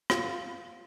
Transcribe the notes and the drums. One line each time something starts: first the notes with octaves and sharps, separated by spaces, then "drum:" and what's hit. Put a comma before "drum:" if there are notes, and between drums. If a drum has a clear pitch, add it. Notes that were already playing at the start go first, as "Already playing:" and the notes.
F4, drum: rim click